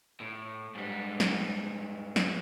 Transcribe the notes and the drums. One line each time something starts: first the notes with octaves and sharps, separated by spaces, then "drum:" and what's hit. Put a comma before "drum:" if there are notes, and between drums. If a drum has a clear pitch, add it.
A2
G#2 G3
drum: snare
drum: snare